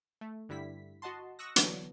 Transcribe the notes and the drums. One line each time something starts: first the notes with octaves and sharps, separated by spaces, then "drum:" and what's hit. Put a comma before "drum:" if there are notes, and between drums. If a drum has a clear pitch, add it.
A3
G2 D3 G3 E4 B6
F#4 D#5 F#5 A5 C6
C#6 D#6 E6 F#6 A#6
D3 E3 F#3 B3 D4 B4, drum: hi-hat